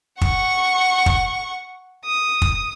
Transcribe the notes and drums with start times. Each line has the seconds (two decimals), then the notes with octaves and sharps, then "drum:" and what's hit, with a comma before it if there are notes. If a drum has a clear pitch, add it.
0.21 F#5 C#6, drum: kick
1.06 drum: kick
2.04 D#6
2.42 drum: kick